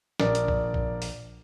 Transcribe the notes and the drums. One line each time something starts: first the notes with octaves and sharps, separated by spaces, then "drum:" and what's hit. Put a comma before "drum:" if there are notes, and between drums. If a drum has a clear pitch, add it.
A#1 A#4 D5, drum: snare
drum: hi-hat
drum: kick A#1
drum: kick A#1
drum: open hi-hat